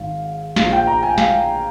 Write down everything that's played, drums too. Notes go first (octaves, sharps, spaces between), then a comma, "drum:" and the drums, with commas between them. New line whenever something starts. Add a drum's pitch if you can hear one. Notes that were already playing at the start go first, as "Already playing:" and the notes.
Already playing: G#1 G#2 F5
A#1 A#2 F3 F5, drum: snare
G5
A#5
G#5
F5, drum: snare